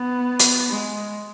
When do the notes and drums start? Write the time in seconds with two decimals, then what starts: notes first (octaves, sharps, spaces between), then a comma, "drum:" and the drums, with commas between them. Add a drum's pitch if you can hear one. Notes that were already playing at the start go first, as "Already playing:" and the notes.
Already playing: B3
0.40 drum: hi-hat
0.70 G#3